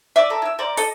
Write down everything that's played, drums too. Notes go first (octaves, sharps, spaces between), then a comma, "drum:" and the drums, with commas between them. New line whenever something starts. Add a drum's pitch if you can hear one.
D5 E5 D6 D#6
A4 A#4
E4 E6
A#4 C5 D5
A4 D#5, drum: open hi-hat